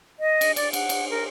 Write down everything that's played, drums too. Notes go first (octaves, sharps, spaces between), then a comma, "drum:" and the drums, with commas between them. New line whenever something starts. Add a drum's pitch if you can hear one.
D#5
drum: cymbal
D5, drum: cymbal
F#5, drum: cymbal
drum: cymbal
A#4